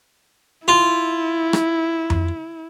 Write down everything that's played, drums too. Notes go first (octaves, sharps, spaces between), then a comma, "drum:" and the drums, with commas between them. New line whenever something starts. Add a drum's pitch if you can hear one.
E4 F4
drum: rim click
drum: tom F2